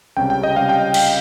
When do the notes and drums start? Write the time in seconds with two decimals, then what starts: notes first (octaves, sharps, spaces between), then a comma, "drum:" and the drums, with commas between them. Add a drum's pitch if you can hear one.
0.17 C#2 C3 G3 C#4 G5
0.30 G5
0.43 D#5
0.56 C#2 C3 G3 C#4 F5
0.69 G5
0.94 drum: cymbal